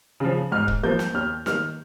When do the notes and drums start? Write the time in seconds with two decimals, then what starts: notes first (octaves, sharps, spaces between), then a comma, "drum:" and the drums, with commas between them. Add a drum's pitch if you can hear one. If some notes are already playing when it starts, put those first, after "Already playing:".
0.20 C#3 F3
0.52 G#2 F6
0.68 drum: kick
0.83 F3 A#3 G6
0.99 drum: snare
1.14 D#2 F6
1.46 D#3 A#3 F6, drum: snare